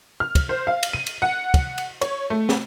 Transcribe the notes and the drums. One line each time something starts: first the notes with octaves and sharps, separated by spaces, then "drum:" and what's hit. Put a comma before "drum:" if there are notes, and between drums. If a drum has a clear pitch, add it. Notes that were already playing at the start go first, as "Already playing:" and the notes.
F6
drum: kick, cymbal
C5
F5
drum: cymbal
D#7
drum: cymbal
F#5
drum: kick, cymbal
drum: cymbal
C#5, drum: cymbal
A3
drum: snare